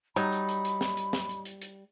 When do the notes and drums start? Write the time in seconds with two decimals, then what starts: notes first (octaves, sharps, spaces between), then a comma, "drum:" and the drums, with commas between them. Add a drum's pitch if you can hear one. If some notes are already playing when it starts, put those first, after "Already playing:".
0.16 F#3 G3 D#4 B5, drum: hi-hat
0.32 drum: hi-hat
0.49 drum: hi-hat
0.65 drum: hi-hat
0.81 drum: snare
0.97 drum: hi-hat
1.13 drum: snare
1.29 drum: hi-hat
1.45 drum: hi-hat
1.62 drum: hi-hat